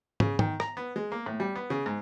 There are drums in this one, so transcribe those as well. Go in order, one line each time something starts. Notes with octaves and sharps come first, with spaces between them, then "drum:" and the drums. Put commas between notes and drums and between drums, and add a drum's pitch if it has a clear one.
C#3, drum: tom
D#3, drum: tom
A#5, drum: rim click
B3
G#3
A#3
A2
G3
B3
C#3
G#2